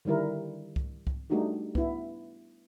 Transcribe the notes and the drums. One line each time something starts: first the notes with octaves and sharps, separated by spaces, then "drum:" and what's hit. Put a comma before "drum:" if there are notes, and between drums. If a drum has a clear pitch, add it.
D3 D#3 G3 E4 A#4
drum: kick C2
drum: kick C2
G3 A3 D4 D#4 F#4 G4
B3 E4, drum: kick C2